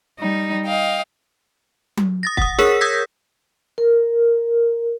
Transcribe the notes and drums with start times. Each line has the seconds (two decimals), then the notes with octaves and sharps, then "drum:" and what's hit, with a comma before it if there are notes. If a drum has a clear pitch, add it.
0.20 G3 D#4
0.65 D#5 F5 G5
1.97 drum: tom F#3
2.23 D#6 A6 A#6
2.37 F#5 D#6, drum: kick
2.59 G#4 A#4 C#5 E6 B6, drum: snare
2.81 D#6 E6 G6 G#6 A#6 B6
3.78 A#4